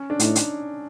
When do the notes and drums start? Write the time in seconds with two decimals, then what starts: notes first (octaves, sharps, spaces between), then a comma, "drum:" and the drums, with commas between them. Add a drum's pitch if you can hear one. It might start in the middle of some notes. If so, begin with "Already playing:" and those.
Already playing: C#4
0.10 D4
0.20 A2 D#4, drum: hi-hat
0.35 drum: hi-hat